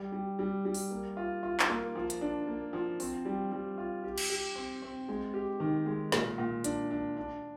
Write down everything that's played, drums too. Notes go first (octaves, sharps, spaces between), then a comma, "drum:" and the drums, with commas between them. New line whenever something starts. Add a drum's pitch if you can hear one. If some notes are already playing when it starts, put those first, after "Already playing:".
Already playing: G3
G3
G3
G3
drum: open hi-hat
A#3
F4
F4
drum: clap
A#3
F3
drum: hi-hat
D4
A#3
F3
C4, drum: open hi-hat
G3
G3
F4
G4
drum: cymbal
G4
C4
C4
G#3
G4
D#3
G#3
A#2, drum: snare
A#2
D4, drum: hi-hat
D4
D4